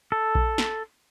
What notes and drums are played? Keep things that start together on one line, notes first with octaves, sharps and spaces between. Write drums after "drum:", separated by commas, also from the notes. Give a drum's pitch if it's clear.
A4
drum: kick A#1
drum: snare